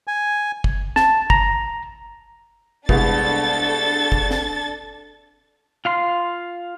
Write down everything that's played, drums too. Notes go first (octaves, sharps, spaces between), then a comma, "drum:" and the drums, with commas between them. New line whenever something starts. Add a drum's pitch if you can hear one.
G#5
drum: kick
A5, drum: snare
A#5, drum: kick
C2 G#3 B3 D4 A4 A6, drum: kick
drum: kick
drum: snare
F4 F5 C6